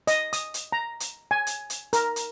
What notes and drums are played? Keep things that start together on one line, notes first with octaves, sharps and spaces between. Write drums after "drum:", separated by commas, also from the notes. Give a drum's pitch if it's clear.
D#5, drum: hi-hat
D#6, drum: hi-hat
drum: hi-hat
A#5
drum: hi-hat
G#5
drum: hi-hat
drum: hi-hat
A#4, drum: hi-hat
drum: hi-hat